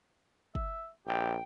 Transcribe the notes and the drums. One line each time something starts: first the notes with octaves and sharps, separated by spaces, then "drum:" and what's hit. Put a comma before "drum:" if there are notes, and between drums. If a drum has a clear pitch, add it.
E5, drum: kick
A#1 G4 G5